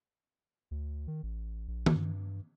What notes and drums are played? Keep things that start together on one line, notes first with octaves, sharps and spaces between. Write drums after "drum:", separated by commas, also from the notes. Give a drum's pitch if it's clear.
D2
D#3
A1
A#1
drum: tom D#3
G2